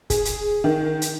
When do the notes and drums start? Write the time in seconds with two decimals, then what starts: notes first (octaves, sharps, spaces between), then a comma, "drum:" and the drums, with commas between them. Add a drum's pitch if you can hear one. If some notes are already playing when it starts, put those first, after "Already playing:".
0.10 G#4, drum: kick, hi-hat
0.25 drum: hi-hat
0.64 D#3
1.02 drum: hi-hat